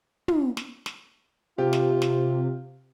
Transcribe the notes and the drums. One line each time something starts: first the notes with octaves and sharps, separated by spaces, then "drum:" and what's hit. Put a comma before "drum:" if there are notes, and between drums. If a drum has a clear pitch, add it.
drum: tom
drum: snare
drum: snare
C3 F4 G4
drum: snare
drum: snare